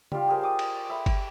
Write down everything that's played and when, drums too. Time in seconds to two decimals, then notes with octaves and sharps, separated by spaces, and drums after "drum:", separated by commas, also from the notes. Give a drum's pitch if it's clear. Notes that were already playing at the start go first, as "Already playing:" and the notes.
0.12 G3 F4, drum: tom C#3
0.28 G4 G#4 A#4 C5
0.42 D5 D6 D#6
0.59 drum: cymbal
0.89 A4 E5 B5
1.06 drum: kick G1, cymbal